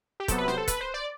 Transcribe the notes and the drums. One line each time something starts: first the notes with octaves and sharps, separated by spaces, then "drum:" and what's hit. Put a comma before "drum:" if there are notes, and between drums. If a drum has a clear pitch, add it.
G4
C3 F#3 B3 A4, drum: kick, hi-hat
B4
C5, drum: snare
A4
B4, drum: kick, hi-hat
C5
D5